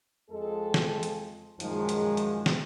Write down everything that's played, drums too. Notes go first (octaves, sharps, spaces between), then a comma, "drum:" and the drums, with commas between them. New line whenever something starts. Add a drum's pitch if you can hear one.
F2 G#3 A4
drum: snare
drum: hi-hat
F#2 D#3 F3 G#3, drum: hi-hat
drum: hi-hat
drum: hi-hat
drum: snare